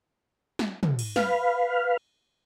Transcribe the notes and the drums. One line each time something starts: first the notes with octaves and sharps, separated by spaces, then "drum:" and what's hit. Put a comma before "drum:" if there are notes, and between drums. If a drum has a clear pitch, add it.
drum: snare
drum: tom
drum: cymbal
B4 F5, drum: snare